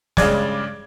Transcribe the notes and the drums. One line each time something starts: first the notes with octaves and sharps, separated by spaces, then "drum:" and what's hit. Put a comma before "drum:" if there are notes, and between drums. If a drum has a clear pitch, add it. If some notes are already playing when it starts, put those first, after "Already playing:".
G2 C#3 G#3 D5 G#6, drum: snare